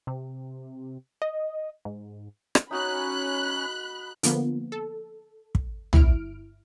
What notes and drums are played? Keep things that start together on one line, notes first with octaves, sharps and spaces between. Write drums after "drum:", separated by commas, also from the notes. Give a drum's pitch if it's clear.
C3
D#5
G#2
drum: rim click
C#4 D#4 F#4 D#5 B5 F#6
D3 F3 A#3 B3, drum: hi-hat
A4
drum: kick
G1 E4 F6 D7, drum: tom